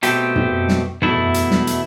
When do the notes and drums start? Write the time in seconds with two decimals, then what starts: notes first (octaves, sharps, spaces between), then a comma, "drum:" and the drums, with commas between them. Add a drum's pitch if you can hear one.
0.03 B2 A3 C4 G4, drum: hi-hat
0.36 drum: tom
0.69 drum: snare
1.02 E2 B2 A3 E4, drum: tom
1.34 drum: hi-hat
1.51 drum: snare
1.67 drum: hi-hat